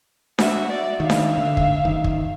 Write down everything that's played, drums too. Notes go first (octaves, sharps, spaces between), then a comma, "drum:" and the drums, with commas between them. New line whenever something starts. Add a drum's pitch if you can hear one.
F#4 E5, drum: snare D4
D5
D#3 E5 F5
drum: snare D4
D3
drum: kick
F#1 D#3
drum: kick